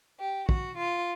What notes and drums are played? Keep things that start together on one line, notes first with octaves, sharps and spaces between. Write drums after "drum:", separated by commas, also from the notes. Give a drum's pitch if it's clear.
G4
F#4, drum: kick
F4